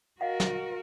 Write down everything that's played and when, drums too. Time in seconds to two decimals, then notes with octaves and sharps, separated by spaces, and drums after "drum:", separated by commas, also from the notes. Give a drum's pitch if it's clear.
0.21 F#4 A#4 D#5 F5 F#5
0.40 drum: snare